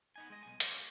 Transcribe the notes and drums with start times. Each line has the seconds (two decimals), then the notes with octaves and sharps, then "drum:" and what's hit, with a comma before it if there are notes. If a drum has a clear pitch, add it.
0.16 B3 D#4 G#5
0.30 G#3 D#5
0.43 B1 G#5
0.60 G4 C5 C#5, drum: hi-hat